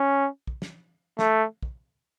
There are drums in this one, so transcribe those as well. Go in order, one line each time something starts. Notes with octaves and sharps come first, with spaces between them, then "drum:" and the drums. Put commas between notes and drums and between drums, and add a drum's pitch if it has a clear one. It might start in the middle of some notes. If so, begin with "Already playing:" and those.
Already playing: C#4
drum: kick
drum: snare
A3, drum: snare
drum: kick